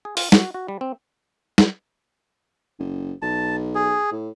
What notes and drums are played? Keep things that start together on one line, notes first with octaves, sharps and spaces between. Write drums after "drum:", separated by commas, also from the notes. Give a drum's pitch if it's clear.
G#4
F4, drum: open hi-hat
F#4, drum: snare
F#4
G3
C4
drum: snare
F#1
B1 A5
G#4
A2